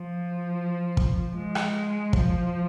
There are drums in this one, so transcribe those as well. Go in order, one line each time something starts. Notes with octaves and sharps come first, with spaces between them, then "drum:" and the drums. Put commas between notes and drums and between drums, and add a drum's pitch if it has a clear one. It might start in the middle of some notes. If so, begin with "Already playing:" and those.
Already playing: F3
drum: kick
G#3
drum: rim click
F3, drum: kick